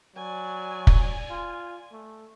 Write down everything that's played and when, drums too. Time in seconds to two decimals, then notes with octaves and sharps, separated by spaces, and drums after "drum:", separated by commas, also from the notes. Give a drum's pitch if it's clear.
0.16 F#3 D5 G#5
0.87 drum: kick
1.30 F4
1.92 A3